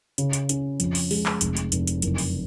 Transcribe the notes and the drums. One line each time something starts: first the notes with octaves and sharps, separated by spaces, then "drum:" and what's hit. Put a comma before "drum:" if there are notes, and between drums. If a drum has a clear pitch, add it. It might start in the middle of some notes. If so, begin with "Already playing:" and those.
C#3, drum: hi-hat
drum: hi-hat
C#4, drum: hi-hat
F2, drum: hi-hat
drum: open hi-hat
G#3, drum: open hi-hat
drum: clap
F1, drum: hi-hat
drum: hi-hat
F1, drum: hi-hat
drum: hi-hat
F#1, drum: hi-hat
drum: open hi-hat